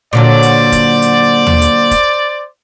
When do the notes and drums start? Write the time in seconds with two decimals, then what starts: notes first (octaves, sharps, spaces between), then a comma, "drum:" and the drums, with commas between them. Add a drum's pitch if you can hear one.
0.13 A#2 D3 F#3 C5 D5
0.43 drum: hi-hat
0.72 drum: kick, hi-hat
1.02 drum: hi-hat
1.47 drum: tom D#2
1.61 drum: hi-hat
1.91 drum: kick, hi-hat